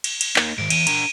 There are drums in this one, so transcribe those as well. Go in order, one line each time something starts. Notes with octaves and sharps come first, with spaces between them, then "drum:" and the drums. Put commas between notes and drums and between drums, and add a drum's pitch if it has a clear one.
drum: cymbal
drum: cymbal
A#3 D#4, drum: clap
G#2 D#3 D7
E2 E3 D#7, drum: cymbal
D4 A#4, drum: cymbal